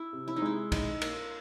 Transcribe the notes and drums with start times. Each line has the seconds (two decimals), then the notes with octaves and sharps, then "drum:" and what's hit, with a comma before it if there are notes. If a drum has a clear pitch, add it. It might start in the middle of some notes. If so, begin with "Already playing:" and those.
Already playing: E4
0.13 C3
0.28 E4
0.36 D#4
0.42 G#3 E4
0.72 D#4 E4, drum: kick, cymbal
1.02 A#3, drum: cymbal